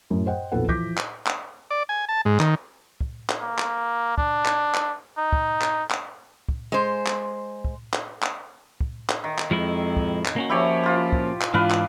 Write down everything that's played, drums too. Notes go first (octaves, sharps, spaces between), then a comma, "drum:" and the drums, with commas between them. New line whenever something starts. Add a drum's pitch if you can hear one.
F#2 A2
C5 D#5 F#5 G5
B1 F2 A#2 A4 B4 F#5
E3 F3 D6 G6 A#6 B6, drum: kick
drum: clap
drum: clap
D5
G#5
A5
G#2
D#3, drum: clap
drum: kick
drum: clap
A#3
drum: clap
D4, drum: kick
drum: clap
drum: clap
D#4
drum: kick
drum: clap
drum: clap
drum: kick
G#3 C5
drum: clap
drum: kick
drum: clap
drum: clap
drum: kick
drum: clap
D#3
drum: clap
F2 F3 G#3 E4
drum: kick
drum: clap
A#3 C#4 F#4
F3 E4 G4 C#5
F4 C5
drum: kick
drum: clap
G#2 E3 D4 F4 B4 F5
drum: clap